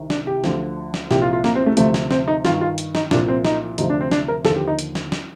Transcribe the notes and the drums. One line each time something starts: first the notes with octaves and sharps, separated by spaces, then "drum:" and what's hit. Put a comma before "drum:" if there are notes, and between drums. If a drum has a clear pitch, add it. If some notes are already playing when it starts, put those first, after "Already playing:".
Already playing: C2 C3 D#3
D4, drum: snare
G4
D2 D3 F3, drum: snare
drum: snare
C2 A#2 F3 G4, drum: snare
F4
F4
A#3, drum: snare
C4
A3
D2 C3 F3 A3, drum: hi-hat
drum: snare
C4, drum: snare
D#4
G2 D#3 F4, drum: snare
F4
drum: hi-hat
D#4, drum: snare
C2 A#2 F3 D4, drum: snare
C4
D#4, drum: snare
D2 C3 F3 D#4, drum: hi-hat
D4
C4
D4, drum: snare
A#4
D#2 D3 F3 A4, drum: snare
G4
D#4
drum: hi-hat
drum: snare
drum: snare